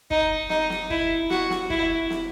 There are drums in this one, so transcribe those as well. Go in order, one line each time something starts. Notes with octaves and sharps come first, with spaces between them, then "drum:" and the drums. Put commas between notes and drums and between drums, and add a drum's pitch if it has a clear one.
D#4, drum: kick
D#4, drum: snare
drum: snare
E4, drum: kick
F#4, drum: snare
drum: snare
E4, drum: kick
drum: snare